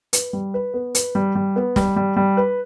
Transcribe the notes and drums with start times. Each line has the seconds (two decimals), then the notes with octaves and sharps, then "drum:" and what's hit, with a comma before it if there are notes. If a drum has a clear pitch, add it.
0.13 B4, drum: hi-hat
0.33 G3
0.54 B4
0.74 B3
0.95 B4, drum: hi-hat
1.15 G3
1.35 G3
1.56 B3
1.76 G3, drum: snare
1.96 G3
2.16 G3
2.37 B4